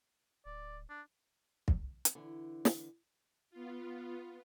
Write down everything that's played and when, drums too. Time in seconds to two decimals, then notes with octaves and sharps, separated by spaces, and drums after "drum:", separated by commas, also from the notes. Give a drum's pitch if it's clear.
0.46 D1 D5
0.89 D4
1.68 drum: kick
2.05 drum: hi-hat
2.15 D3 E3
2.65 drum: snare
3.51 B3 F4